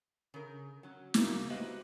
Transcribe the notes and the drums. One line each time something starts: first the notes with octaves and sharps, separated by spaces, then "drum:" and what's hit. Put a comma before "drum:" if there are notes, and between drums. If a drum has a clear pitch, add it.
C#3 A#4
F#3 C#4
A2 C#3 A#3 D#4, drum: snare
F#4 G4 B4 C5 D#5 F5